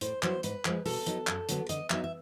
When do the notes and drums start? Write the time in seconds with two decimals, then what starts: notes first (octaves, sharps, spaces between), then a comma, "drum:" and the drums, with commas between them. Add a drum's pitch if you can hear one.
0.01 A2 C5, drum: hi-hat
0.23 F#3 B3 E4 C5, drum: clap
0.43 G#2 B4, drum: hi-hat
0.65 F3 G#3, drum: clap
0.86 B2 A4, drum: open hi-hat
1.06 F#3 B3 D#4, drum: hi-hat
1.27 F#2, drum: clap
1.49 D3 F#3 B3 D4, drum: hi-hat
1.69 D3 D#5, drum: hi-hat
1.90 F#3 B3 D#4 E5, drum: clap
2.04 E5